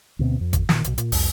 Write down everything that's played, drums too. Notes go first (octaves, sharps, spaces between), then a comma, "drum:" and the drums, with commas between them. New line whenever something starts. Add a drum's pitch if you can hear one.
D2 B2 C4
F2
drum: kick G#1, hi-hat
A#2 D#3, drum: snare
B1 B2, drum: hi-hat
A#2, drum: hi-hat
C2 F2, drum: open hi-hat